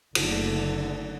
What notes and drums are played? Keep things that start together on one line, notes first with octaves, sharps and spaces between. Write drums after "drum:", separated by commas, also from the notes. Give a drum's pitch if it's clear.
F#1 D3 A3, drum: cymbal